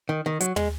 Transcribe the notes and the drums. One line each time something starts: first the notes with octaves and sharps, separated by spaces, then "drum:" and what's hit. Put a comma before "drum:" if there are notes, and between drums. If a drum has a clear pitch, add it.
D#3
D#3
F#3, drum: hi-hat
G#3, drum: tom